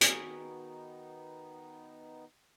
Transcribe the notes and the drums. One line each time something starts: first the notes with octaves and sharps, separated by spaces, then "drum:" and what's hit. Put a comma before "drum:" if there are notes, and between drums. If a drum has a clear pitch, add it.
D#3 B3 D#4 F#4 G#4, drum: hi-hat